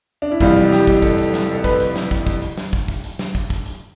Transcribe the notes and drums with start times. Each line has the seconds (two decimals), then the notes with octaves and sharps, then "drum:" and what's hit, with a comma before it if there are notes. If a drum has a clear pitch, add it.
0.22 D4
0.32 E4
0.40 F1 F2 E3 G3 F4, drum: kick, hi-hat
0.57 drum: hi-hat
0.72 G4, drum: snare
0.87 drum: kick, hi-hat
1.02 A4, drum: kick, hi-hat
1.18 drum: hi-hat
1.34 drum: snare
1.54 A4
1.64 B4, drum: kick, hi-hat
1.80 drum: hi-hat
1.96 drum: snare
2.11 drum: kick, hi-hat
2.27 drum: kick, hi-hat
2.42 drum: hi-hat
2.57 drum: snare
2.73 drum: kick, hi-hat
2.88 drum: kick, hi-hat
3.04 drum: hi-hat
3.19 drum: snare
3.35 drum: kick, hi-hat
3.50 drum: kick, hi-hat
3.66 drum: hi-hat